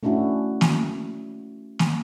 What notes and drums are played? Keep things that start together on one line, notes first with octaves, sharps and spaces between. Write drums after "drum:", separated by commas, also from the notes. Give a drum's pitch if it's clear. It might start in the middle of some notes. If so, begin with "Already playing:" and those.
A3 C#4 D4 E4 F#4
drum: snare A#3
drum: snare A#3